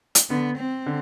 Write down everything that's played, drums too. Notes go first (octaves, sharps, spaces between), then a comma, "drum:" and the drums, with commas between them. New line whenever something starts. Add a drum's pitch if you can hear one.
drum: hi-hat
D3 B3
C4
D3